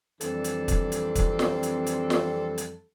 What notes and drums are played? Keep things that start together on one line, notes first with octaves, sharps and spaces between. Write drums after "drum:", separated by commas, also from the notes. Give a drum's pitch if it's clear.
F2 E3 G3 C4 D4 A4, drum: hi-hat
drum: hi-hat
drum: kick, hi-hat
drum: hi-hat
drum: kick, hi-hat
drum: snare
drum: hi-hat
drum: hi-hat
drum: snare
drum: hi-hat